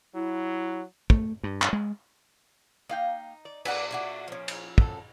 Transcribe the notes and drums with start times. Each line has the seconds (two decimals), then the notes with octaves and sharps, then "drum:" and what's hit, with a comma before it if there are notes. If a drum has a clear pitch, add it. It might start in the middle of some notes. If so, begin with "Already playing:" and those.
0.15 F#3 E4
1.10 A3, drum: kick
1.43 G2
1.62 drum: clap
1.73 G#3
2.89 A#3 D#4 F5 G5
3.45 D5
3.65 A#2 B4 D5 F#5, drum: cymbal
3.91 D4 E4 F#4
4.28 F3 C#4
4.48 drum: cymbal
4.78 F#2 A4, drum: kick